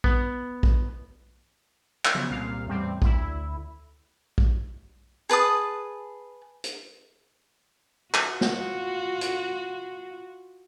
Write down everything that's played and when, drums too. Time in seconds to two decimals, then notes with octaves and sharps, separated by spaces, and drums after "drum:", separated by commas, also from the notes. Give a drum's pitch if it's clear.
0.04 B3, drum: kick A#1
0.63 drum: kick A#1
2.05 drum: clap
2.15 C#3 F3 F#3 B3
2.30 C2 A#2 F5
2.67 E2 A2 G3 C4
3.02 D2 E4, drum: kick A#1
4.38 drum: kick A#1
5.29 G#4 B4 A5 D#6
6.64 drum: hi-hat
8.14 F4 F#4, drum: clap
8.41 drum: snare
9.21 drum: hi-hat